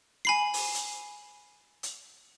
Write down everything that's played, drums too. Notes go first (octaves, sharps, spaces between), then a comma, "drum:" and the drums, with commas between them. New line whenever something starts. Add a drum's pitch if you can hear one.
G#5 B5 C7
drum: open hi-hat
drum: hi-hat
drum: hi-hat